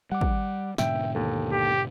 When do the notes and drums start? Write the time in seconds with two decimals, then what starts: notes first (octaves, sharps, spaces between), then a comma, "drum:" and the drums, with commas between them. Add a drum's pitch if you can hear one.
0.12 G3 F#5 D6
0.21 drum: kick
0.78 G#2 B2 D3 E5 G5 D7, drum: snare
1.15 D#2 A4
1.52 G4